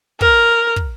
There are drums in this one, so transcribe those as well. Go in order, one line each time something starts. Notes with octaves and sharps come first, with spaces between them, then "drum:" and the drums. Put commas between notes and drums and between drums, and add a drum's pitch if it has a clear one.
A#4, drum: kick
drum: kick